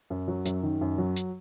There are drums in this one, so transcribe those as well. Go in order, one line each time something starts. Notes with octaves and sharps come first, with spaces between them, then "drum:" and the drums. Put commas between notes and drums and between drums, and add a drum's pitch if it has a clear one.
F#2
F#3
F#2, drum: hi-hat
D#3
F#2
F#3
drum: hi-hat